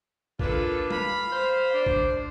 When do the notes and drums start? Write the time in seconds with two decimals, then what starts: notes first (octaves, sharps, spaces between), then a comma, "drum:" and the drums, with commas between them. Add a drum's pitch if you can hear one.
0.39 A#3 D4 F4 A4 B4, drum: kick A#1
0.91 F5 B5, drum: tom
1.32 C5
1.73 D4
1.86 drum: kick A#1